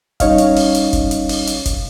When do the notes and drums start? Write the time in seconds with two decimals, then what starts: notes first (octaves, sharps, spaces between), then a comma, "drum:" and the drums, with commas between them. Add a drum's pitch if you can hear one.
0.20 G3 C#4 D#4 C#5 D#5 F5, drum: kick F#1, hi-hat
0.38 drum: hi-hat
0.56 drum: open hi-hat
0.75 drum: hi-hat
0.93 drum: kick F#1, hi-hat
1.11 drum: hi-hat
1.29 drum: open hi-hat
1.47 drum: hi-hat
1.66 drum: kick F#1, hi-hat